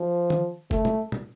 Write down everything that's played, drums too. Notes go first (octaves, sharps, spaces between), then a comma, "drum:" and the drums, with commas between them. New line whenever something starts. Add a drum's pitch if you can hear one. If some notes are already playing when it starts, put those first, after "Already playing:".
Already playing: F3
drum: tom D#3
A3, drum: kick F1
drum: tom
drum: tom